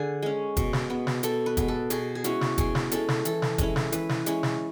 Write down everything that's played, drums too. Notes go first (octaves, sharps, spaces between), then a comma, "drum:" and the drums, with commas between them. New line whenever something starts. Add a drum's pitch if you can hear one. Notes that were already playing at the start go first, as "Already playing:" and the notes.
Already playing: D3 G#4
G#3 C#4
B2, drum: kick, hi-hat
drum: snare
G#3 B3
drum: snare
B2 A4, drum: hi-hat
B4
G#3 B3, drum: kick, hi-hat
A4
B2 G#4, drum: hi-hat
G#4
G#3 C#4 E4 F#4, drum: hi-hat
drum: snare
B2 G#4, drum: kick, hi-hat
drum: snare
G#3 C#4 E4 A4, drum: hi-hat
drum: snare
E3 A4, drum: hi-hat
drum: snare
G#3 C#4 E4, drum: kick, hi-hat
drum: snare
E3 B4, drum: hi-hat
drum: snare
G#3 C#4 E4, drum: hi-hat
drum: snare